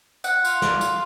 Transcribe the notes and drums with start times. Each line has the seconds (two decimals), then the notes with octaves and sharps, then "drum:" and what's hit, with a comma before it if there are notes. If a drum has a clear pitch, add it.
0.24 F#5, drum: tambourine
0.45 F4, drum: tambourine
0.62 drum: snare
0.81 drum: tambourine